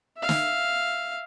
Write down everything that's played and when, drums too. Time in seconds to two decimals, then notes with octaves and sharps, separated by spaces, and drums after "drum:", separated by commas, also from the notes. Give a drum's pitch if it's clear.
0.18 E5 F5
0.29 drum: snare